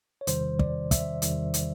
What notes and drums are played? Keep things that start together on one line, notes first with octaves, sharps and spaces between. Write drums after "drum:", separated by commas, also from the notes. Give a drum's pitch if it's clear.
C#5
E2 C3 D#3 G3 C5, drum: hi-hat
D5, drum: kick
E5, drum: kick, hi-hat
E2 C3 D#3 G3, drum: hi-hat
drum: hi-hat